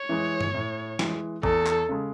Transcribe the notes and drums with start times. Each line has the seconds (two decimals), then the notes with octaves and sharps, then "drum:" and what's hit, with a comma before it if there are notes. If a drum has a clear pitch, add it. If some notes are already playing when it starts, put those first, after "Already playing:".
Already playing: C#5
0.09 E3 G#3
0.41 drum: tom G2
0.54 A2
0.99 E3 G#3, drum: snare
1.43 E2 A4, drum: kick
1.67 drum: clap
1.89 C#3 G#3